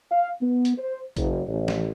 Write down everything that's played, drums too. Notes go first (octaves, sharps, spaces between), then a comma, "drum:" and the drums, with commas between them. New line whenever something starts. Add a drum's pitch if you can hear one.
F5
B3
drum: hi-hat
C5
F#1, drum: kick A1, hi-hat
A1
drum: snare